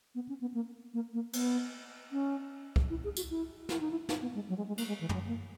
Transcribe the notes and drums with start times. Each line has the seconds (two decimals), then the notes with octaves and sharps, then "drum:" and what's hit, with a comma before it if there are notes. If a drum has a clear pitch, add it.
0.15 B3
0.29 C#4
0.41 B3
0.54 A#3
0.94 A#3
1.13 A#3
1.33 B3, drum: cymbal
2.12 C#4
2.76 drum: kick C2
2.90 E4
3.04 G#4
3.17 F#4, drum: tambourine
3.30 E4
3.69 E4, drum: snare
3.80 D#4
3.91 E4
4.09 D#4, drum: snare
4.22 B3
4.35 G#3
4.49 F#3
4.57 G#3
4.68 G#3
4.78 A#3, drum: cymbal
4.88 G#3
5.01 E3
5.09 G#3, drum: tom
5.14 F#3
5.27 A#3